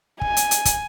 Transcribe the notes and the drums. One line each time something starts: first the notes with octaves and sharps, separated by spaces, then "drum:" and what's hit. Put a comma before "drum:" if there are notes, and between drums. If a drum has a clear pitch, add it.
G#5, drum: kick
drum: hi-hat
drum: hi-hat
drum: kick, hi-hat